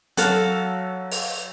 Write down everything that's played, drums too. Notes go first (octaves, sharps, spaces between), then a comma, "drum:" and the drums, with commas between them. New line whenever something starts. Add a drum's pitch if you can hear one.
F#3 F#4 A4 F5, drum: hi-hat
drum: open hi-hat